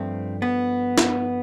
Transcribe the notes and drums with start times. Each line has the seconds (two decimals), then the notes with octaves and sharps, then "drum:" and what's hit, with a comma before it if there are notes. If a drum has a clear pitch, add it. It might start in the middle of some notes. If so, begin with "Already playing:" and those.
Already playing: G2 F3 A3 C4
0.42 B3
0.98 drum: snare